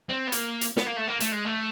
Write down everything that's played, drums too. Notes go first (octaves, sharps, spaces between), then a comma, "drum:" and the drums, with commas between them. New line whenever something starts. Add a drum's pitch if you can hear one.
C4
B3
A#3, drum: hi-hat
drum: hi-hat
B3, drum: snare
A#3
A3
A#3
A3, drum: hi-hat
G#3
A3